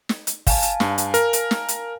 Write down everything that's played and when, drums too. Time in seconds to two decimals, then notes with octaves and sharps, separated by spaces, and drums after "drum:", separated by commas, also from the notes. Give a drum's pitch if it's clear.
0.09 drum: snare
0.27 drum: hi-hat
0.47 F5 G#5 A5, drum: kick, open hi-hat
0.62 drum: hi-hat
0.80 G2, drum: snare
0.98 drum: hi-hat
1.14 A#4, drum: hi-hat
1.33 drum: hi-hat
1.51 drum: snare
1.68 drum: hi-hat